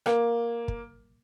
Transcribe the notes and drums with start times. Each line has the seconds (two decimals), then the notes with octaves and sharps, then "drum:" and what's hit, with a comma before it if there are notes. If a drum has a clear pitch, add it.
0.06 A#3, drum: rim click
0.68 drum: kick